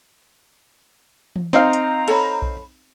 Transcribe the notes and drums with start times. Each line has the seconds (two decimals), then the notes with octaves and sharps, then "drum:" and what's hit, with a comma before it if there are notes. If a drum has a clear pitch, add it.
1.36 drum: tom E3
1.53 C4 D#4 F5 A#5, drum: snare
1.73 drum: hi-hat
2.08 A4 C#5 B5, drum: cymbal
2.42 drum: kick B1